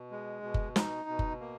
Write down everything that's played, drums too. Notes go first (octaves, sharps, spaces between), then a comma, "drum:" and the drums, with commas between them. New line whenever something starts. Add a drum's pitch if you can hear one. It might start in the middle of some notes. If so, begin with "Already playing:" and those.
Already playing: B2
G#3
B2
drum: kick F#1
D#4, drum: snare
B2
drum: kick F#1
A#3